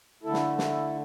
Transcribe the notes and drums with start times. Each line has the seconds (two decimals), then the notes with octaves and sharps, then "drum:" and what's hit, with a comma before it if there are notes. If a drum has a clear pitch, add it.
0.23 D3 A3 E4 A4
0.33 drum: snare
0.58 E4 A4, drum: snare